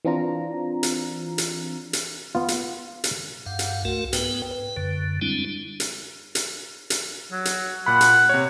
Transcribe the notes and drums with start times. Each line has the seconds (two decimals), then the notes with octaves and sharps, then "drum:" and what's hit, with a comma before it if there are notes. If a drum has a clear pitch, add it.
0.05 E3 C4 D4 F4 A#5
0.83 drum: hi-hat
1.38 drum: hi-hat
1.93 drum: hi-hat
2.35 B3 F4
2.48 drum: hi-hat
3.04 drum: hi-hat
3.46 G2 F5 F#5
3.59 drum: hi-hat
3.85 C2 A3 F#4 A#4
4.13 G#2 B3 B4 G5, drum: hi-hat
4.51 B4
4.77 F#2 D3
5.21 G3 G#3 C4 D4 E4
5.80 drum: hi-hat
6.35 drum: hi-hat
6.90 drum: hi-hat
7.32 F#3
7.45 drum: hi-hat
7.86 A#2 F#5 B5
8.01 drum: hi-hat
8.29 C3 C#5